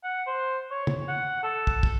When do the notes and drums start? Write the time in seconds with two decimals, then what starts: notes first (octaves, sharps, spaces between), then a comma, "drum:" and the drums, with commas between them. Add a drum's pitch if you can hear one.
0.04 F#5
0.27 C5
0.71 C#5
0.87 drum: tom
1.09 F#5
1.43 A4
1.67 drum: kick
1.83 drum: kick